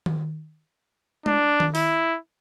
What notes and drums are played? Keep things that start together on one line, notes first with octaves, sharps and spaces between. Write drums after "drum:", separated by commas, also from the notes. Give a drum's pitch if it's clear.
drum: tom D#3
D4, drum: tom G#3
drum: tom D#3
E4, drum: open hi-hat